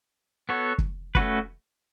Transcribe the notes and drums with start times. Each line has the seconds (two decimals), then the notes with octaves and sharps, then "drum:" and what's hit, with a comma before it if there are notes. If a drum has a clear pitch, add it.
0.49 B3 F#4 A4 C#5
0.78 drum: kick
1.15 A3 C#4 F#4 B4, drum: kick